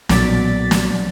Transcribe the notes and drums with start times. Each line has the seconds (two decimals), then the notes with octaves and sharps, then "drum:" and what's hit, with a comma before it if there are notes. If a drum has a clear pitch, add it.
0.09 B1 A#2 F#3 D5 A6 B6, drum: snare
0.71 drum: snare